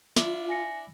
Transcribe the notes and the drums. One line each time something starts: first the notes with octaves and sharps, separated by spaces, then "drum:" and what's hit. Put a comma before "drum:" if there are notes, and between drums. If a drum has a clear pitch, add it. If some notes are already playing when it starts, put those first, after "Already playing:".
D4 E4 F4, drum: snare
G#5 A#6 C#7